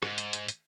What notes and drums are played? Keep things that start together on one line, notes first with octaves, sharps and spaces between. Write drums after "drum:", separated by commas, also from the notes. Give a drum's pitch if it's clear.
G#2, drum: rim click
drum: hi-hat
drum: hi-hat
drum: hi-hat